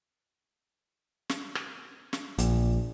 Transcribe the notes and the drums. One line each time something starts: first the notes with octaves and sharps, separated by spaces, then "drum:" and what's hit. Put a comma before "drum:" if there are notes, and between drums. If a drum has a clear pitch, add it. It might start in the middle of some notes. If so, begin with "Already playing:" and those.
drum: snare
drum: rim click
drum: snare
A#1, drum: hi-hat